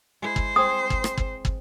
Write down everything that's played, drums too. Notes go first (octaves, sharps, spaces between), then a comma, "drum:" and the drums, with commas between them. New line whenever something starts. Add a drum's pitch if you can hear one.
G#3 E4 C5
drum: kick
C4 G#4 D#6
drum: kick
drum: rim click
drum: kick
drum: kick